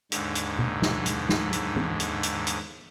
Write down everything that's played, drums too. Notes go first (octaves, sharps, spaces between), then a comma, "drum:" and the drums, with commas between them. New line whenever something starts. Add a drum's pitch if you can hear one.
D#2 G#2 D3, drum: hi-hat
drum: hi-hat
drum: tom B2
drum: snare
drum: hi-hat
drum: snare
drum: hi-hat
drum: tom
drum: hi-hat
drum: hi-hat
drum: hi-hat